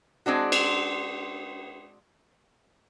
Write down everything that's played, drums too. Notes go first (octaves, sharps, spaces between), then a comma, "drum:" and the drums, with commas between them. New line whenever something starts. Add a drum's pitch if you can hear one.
G#3 C4 D4 F#4
drum: cymbal